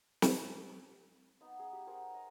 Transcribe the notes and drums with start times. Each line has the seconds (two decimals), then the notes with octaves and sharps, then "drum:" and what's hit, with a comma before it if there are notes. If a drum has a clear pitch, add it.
0.22 drum: snare
1.41 B3 D#4
1.59 G#4
1.73 G4
1.87 G#4 A#4 C5 F#5
2.14 D#5 A#5